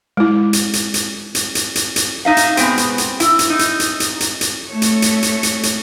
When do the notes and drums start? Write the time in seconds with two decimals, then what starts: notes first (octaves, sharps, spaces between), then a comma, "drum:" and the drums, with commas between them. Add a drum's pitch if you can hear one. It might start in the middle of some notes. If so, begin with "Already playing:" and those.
0.17 G#3 E4
0.53 drum: hi-hat
0.73 drum: hi-hat
0.94 drum: hi-hat
1.35 drum: hi-hat
1.55 drum: hi-hat
1.75 drum: hi-hat
1.96 drum: hi-hat
2.25 D#4 E5 F5
2.37 drum: hi-hat
2.57 B2 G#3 B3 C4, drum: hi-hat
2.78 drum: hi-hat
2.98 drum: hi-hat
3.20 E4, drum: hi-hat
3.39 drum: hi-hat
3.50 D#4
3.59 drum: hi-hat
3.80 drum: hi-hat
4.00 drum: hi-hat
4.20 drum: hi-hat
4.41 drum: hi-hat
4.69 A3 C#5
4.82 drum: hi-hat
5.02 drum: hi-hat
5.23 drum: hi-hat
5.43 drum: hi-hat
5.63 drum: hi-hat